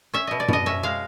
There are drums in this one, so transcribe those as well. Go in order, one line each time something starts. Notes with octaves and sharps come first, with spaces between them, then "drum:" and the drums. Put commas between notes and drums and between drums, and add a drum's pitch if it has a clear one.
C#4 E5
B2 D#5
D5
B2 D#5, drum: tom F#2
C#4 E5
G#3 F5